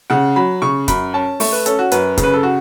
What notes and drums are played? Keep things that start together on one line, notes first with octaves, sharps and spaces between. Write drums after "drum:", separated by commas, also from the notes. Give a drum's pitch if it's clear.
C#3 F#5
F#3 B5
C#3 C#6
F#2 B5, drum: kick, hi-hat
C#4 A5
A3 C#6, drum: open hi-hat
B4
C#4 A4, drum: hi-hat
F#4
F#2 B4, drum: hi-hat
C#3, drum: kick, hi-hat
B4
A4
F#4